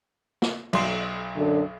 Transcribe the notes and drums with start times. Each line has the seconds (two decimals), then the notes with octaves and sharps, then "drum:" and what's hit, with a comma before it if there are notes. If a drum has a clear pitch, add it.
0.42 drum: snare
0.73 B1 C6, drum: cymbal
1.36 F#2 D3